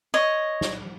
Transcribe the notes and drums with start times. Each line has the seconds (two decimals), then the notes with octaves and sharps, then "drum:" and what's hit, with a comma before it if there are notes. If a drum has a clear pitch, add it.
0.14 C#5 D#5
0.61 drum: snare